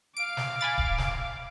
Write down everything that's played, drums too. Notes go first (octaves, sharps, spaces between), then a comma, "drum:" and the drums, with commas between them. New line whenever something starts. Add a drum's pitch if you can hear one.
F5 D6 D7
drum: snare
G#5 B5 A6
drum: kick D1
drum: snare